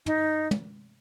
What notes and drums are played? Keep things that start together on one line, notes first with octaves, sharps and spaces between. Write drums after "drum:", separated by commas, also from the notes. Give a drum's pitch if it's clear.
D#4, drum: tom
drum: tom